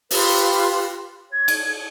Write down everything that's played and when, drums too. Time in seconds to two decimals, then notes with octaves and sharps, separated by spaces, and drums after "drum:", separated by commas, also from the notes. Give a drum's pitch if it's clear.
0.11 F4 G4 B4 F5, drum: open hi-hat
1.32 C#5 G#6
1.48 drum: cymbal